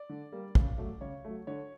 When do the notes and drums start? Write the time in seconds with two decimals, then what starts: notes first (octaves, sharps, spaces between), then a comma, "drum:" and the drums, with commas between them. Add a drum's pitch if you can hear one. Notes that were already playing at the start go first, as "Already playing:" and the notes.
Already playing: D5
0.09 D3
0.32 G3 A#3
0.55 C#3, drum: kick
0.78 F#3 A3
1.01 C#3 C#5
1.25 F#3 A3
1.47 D3 C#5